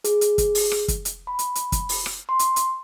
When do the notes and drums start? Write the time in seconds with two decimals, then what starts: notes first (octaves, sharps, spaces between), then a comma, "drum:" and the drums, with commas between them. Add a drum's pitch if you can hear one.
0.04 G#4, drum: hi-hat
0.21 drum: hi-hat
0.38 drum: kick, hi-hat
0.55 drum: open hi-hat
0.72 drum: rim click
0.88 drum: kick, hi-hat
1.05 drum: hi-hat
1.27 B5
1.39 drum: hi-hat
1.55 drum: hi-hat
1.72 drum: kick, hi-hat
1.89 drum: open hi-hat
2.06 drum: rim click
2.29 C6
2.39 drum: hi-hat
2.56 drum: hi-hat